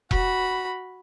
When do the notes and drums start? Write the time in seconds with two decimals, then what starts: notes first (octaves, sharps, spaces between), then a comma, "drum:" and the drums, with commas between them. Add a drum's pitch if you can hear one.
0.11 F#4 B5, drum: kick E1